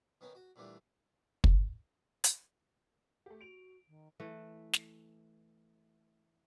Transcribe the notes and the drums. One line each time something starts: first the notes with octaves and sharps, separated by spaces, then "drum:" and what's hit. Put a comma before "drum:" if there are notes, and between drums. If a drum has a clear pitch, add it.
D#3 B3 C#4 D#4
F#4
A#2 D3 E3 G3 A3
drum: kick
drum: hi-hat
A3 G4
F#4 D7 F7
D#3
E3 A3
drum: snare